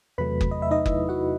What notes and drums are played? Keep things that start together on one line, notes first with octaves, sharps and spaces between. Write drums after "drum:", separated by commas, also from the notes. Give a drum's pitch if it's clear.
E2 C3 F#3 A3 B4 B5
drum: kick F#1
D#5
E5
D#4 D#5
E4 E5, drum: kick F#1
F#4 F#5